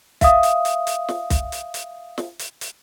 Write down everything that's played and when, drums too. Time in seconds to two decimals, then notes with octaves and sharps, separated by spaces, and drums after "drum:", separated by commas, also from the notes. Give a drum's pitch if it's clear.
0.21 E5 F5 D#6, drum: kick, hi-hat
0.43 drum: hi-hat
0.65 drum: hi-hat
0.87 drum: hi-hat
1.09 drum: snare
1.30 drum: kick, hi-hat
1.52 drum: hi-hat
1.74 drum: hi-hat
2.18 drum: snare
2.39 drum: hi-hat
2.61 drum: hi-hat